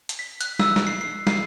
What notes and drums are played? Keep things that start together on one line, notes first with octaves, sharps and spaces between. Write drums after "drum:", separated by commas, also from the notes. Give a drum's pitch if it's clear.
drum: hi-hat
B6
F#6, drum: hi-hat
E6, drum: snare
drum: snare
C7
C7
C7, drum: snare